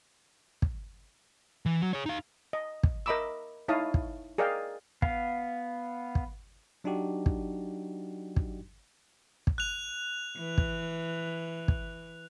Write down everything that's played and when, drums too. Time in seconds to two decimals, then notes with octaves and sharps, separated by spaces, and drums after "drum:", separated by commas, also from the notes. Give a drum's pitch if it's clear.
0.62 drum: kick
1.66 E3
1.82 F#3
1.93 G#4 C#5
2.06 D#4 F5
2.53 D#5
2.83 drum: kick
3.06 A#4 D#5 E5 B5 D6 E6
3.68 D#4 E4 C#5 F5 A5 D#6
3.94 drum: kick
4.38 G#4 A#4 D5 D#5 F5 G5
5.02 B3 F5, drum: kick
6.15 drum: kick
6.84 F#3 D4 D#4 F#4 G4
7.26 drum: kick
8.36 drum: kick
9.47 drum: kick
9.58 F#6 F7
10.37 E3
10.58 drum: kick
11.68 drum: kick